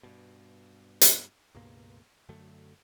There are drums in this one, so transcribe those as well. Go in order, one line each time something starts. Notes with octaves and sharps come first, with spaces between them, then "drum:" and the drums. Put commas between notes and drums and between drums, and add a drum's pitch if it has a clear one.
G2 B2
drum: hi-hat
C#2 G2 B2 A#3
F#2 D3 F#3 A3